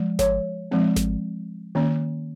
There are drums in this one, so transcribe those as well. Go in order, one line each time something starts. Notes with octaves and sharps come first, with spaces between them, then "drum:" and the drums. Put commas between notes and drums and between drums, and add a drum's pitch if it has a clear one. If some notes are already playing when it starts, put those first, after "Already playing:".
Already playing: F3 G#3
C#5, drum: snare G#1
F3 G#3 C4
drum: snare G#1
D#3 A#3 C#4